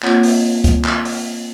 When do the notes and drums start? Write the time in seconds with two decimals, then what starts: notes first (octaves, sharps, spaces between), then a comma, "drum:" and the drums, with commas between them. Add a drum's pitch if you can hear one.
0.03 A#3 C4 F4 C#5 F#5, drum: clap
0.23 drum: open hi-hat
0.64 drum: kick C#2, hi-hat
0.85 drum: clap
1.05 drum: open hi-hat